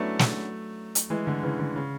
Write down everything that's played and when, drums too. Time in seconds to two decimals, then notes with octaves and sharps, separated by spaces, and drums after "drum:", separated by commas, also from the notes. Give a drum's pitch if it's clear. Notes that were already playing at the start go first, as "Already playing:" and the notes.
Already playing: F#3 A3 B3 C#4 D4 E4
0.19 drum: snare
0.95 drum: hi-hat
1.10 E3 G#3
1.27 D3
1.43 C#3 E3
1.59 D3
1.76 C#3